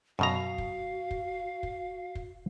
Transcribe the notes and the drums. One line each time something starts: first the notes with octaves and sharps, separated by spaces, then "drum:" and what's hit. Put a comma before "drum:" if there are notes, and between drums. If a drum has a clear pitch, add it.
F#2 B2 F#4 F5 A#5
drum: kick
drum: kick
drum: kick
drum: kick